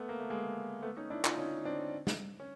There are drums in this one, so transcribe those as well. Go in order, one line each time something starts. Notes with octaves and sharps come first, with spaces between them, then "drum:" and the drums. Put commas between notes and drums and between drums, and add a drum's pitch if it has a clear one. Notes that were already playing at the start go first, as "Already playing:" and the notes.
Already playing: A3 B3
A#3
A3
G#3 A#3
A3 B3
C#4 D#4
D4 E4
D#4 F4, drum: clap
C#4 D#4
C4 D4
drum: snare
C#4